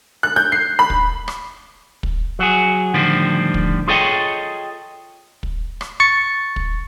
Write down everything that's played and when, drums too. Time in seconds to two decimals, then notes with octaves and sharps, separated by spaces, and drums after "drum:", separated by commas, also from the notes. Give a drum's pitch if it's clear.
0.23 F#6
0.36 G6
0.52 C7
0.79 B5
0.90 drum: kick
1.28 drum: rim click
2.03 drum: kick
2.39 F#3 F#4 G#4
2.94 A2 D3 D#3 F3 G3 C4
3.54 drum: kick
3.88 F4 G#4 A4 C#5 D#5 G5
5.43 drum: kick
5.81 drum: rim click
6.00 C#6 A6 C#7
6.56 drum: kick